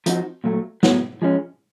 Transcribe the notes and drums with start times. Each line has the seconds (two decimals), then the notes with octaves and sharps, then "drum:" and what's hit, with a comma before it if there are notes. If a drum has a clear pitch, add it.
0.06 F3 A3 C4 D#4 F#4, drum: hi-hat
0.44 A#2 F#3 A3
0.83 A2 F#3 B3, drum: snare
1.22 F3 G#3 C#4